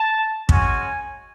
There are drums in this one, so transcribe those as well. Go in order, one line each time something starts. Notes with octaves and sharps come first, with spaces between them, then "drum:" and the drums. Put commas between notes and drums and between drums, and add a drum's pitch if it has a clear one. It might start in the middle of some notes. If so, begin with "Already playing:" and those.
Already playing: A5
G#3 C#4 F#4 G#5, drum: kick